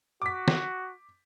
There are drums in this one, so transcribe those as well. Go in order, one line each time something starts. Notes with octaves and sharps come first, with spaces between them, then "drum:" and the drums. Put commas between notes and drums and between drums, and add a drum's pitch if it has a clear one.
F#4 D6 B6
drum: snare